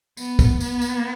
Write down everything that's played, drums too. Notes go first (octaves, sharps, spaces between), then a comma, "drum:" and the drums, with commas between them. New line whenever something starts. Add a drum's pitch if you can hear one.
B3, drum: tambourine
drum: kick, tambourine
B3, drum: tambourine
drum: tambourine